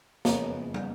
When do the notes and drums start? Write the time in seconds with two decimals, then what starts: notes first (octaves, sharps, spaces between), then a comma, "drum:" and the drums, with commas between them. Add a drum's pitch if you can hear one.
0.25 F#1 F2 F3 G#3 B3 A#4 C#5, drum: snare
0.74 drum: tom